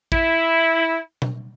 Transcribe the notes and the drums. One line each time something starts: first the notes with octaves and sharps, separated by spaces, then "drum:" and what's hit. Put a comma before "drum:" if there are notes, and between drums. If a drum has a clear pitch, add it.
E4, drum: kick
drum: tom B2